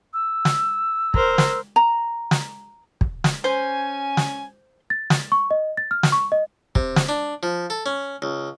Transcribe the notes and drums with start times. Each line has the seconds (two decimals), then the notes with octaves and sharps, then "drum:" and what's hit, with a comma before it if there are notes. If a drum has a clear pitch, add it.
0.13 E6
0.45 drum: snare
1.14 A#4 C5, drum: kick
1.38 drum: snare
1.76 A#5
2.31 drum: snare
3.01 drum: kick
3.24 drum: snare
3.44 C#4 C5 G#5
4.17 drum: snare
4.90 A6
5.10 drum: snare
5.32 C#6
5.51 D#5
5.77 A6
5.91 F6
6.03 drum: snare
6.12 C#6
6.32 D#5
6.75 C3, drum: kick
6.96 drum: snare
7.09 D4
7.43 F3
7.70 A4
7.86 C#4
8.22 C#2